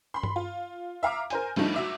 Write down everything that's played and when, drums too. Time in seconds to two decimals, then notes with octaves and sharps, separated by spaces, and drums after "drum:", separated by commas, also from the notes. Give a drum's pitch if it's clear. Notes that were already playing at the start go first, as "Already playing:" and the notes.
0.14 B5 C6
0.23 drum: tom G2
0.36 F4
1.03 E5 F5 A#5 D6
1.30 A#4 C5 G#5, drum: hi-hat
1.56 F3 G3 A3 D4 D#4, drum: cymbal
1.74 F#3 E5 D6